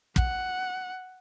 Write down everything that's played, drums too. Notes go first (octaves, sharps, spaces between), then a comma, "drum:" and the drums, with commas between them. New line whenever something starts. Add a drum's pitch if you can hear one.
F#5, drum: kick